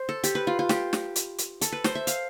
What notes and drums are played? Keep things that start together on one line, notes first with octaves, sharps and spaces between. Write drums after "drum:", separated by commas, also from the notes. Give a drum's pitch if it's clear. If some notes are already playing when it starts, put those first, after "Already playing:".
Already playing: C5
A4
G4, drum: hi-hat
B4
F4
F4
G4, drum: snare
drum: snare
drum: hi-hat
drum: hi-hat
A4, drum: hi-hat
B4
C5, drum: snare
E5
F5, drum: hi-hat